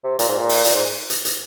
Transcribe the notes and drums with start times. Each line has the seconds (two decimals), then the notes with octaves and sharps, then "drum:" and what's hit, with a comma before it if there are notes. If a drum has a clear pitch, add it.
0.04 C3
0.19 A#2, drum: hi-hat
0.29 G#2
0.38 A#2
0.49 drum: open hi-hat
0.64 A#2, drum: hi-hat
0.74 G#2
1.10 drum: hi-hat
1.25 drum: hi-hat